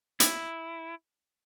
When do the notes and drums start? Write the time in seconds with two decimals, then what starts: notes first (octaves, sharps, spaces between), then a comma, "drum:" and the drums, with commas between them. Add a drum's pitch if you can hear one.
0.20 E4, drum: hi-hat